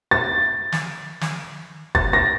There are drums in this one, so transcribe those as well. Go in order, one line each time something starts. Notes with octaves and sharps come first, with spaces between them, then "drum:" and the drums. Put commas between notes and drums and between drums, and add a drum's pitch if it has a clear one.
A6
drum: snare
drum: snare
A6, drum: kick
A#6